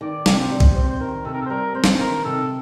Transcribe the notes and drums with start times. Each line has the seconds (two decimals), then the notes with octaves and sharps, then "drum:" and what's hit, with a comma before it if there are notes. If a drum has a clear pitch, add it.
0.01 D#3 D5
0.26 C3, drum: snare
0.39 C5
0.51 G3
0.60 drum: kick
0.75 C4 C5
0.89 C5
1.00 D#3 A#4
1.25 C3 A4
1.33 A#4
1.41 A4
1.45 C5
1.50 G3 A#4
1.74 C4 C5
1.84 drum: snare
1.99 D#3 A#4
2.25 C3 A4